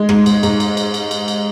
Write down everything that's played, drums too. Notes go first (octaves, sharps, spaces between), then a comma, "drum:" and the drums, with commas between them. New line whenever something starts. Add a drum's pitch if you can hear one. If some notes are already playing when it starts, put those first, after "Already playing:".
Already playing: G#3
G#2, drum: rim click
G#2, drum: cymbal
G#2, drum: cymbal
drum: cymbal
drum: cymbal
drum: cymbal
drum: cymbal
drum: cymbal